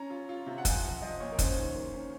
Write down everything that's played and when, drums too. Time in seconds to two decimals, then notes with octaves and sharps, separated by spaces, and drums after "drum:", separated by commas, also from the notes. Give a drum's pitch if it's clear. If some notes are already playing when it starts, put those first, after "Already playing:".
Already playing: C#4 A#5
0.10 F4
0.29 F4
0.46 C3
0.58 F#5
0.65 F3 G#5, drum: kick, hi-hat
0.83 F3 F#5
1.02 F3 D#5
1.20 A#2 C#5
1.32 A#4
1.39 C#4 C5, drum: kick, hi-hat
1.57 D#3
1.76 A#3
1.94 C#4